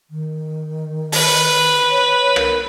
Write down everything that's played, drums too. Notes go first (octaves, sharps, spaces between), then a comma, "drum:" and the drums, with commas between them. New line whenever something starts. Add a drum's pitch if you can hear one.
D#3
B4, drum: open hi-hat
C#5
A#4, drum: rim click